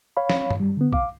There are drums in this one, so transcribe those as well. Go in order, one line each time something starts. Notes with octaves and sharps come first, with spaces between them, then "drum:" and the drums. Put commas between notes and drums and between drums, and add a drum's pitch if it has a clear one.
C#5 F5 B5
drum: snare
drum: tom G2
G3
D3 B3
F5 D6, drum: kick